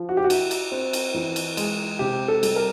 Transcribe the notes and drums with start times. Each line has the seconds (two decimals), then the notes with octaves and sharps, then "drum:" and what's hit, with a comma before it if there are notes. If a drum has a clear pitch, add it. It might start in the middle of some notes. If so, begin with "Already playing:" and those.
Already playing: F3
0.09 F#4
0.17 G4
0.24 F#4
0.30 E4, drum: cymbal
0.51 drum: cymbal
0.72 C4
0.93 drum: cymbal
1.15 E3
1.36 drum: cymbal
1.57 G#3, drum: cymbal
1.99 C3 G4
2.28 A4
2.43 G3, drum: cymbal
2.56 A#4